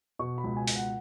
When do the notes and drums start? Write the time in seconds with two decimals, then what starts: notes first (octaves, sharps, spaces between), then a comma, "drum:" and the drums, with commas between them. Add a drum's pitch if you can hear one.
0.19 B2 C#6
0.38 B5
0.44 C#2
0.57 G#5
0.68 B2 G#5, drum: open hi-hat
0.75 F#5